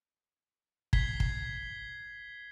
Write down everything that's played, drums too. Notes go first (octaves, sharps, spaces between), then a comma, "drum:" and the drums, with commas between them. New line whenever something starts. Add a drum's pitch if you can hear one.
G#6 B6 C7 G7, drum: kick
drum: kick